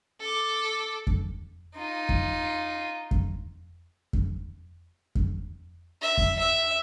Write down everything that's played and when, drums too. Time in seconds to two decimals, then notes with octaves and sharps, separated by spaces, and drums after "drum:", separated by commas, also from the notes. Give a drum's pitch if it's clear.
0.20 A4 D6
1.07 drum: kick F2
1.75 D#4 F4
2.09 drum: kick F2
3.11 drum: kick F2
4.13 drum: kick F2
5.15 drum: kick F2
6.02 E5
6.18 drum: kick F2
6.39 E5